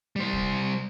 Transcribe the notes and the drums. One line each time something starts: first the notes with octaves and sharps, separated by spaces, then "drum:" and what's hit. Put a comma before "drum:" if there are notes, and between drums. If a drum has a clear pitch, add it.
G3 C5
drum: kick